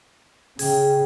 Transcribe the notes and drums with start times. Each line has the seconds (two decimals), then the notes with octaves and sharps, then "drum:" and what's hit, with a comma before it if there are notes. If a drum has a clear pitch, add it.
0.59 C#3 G#4 G5, drum: open hi-hat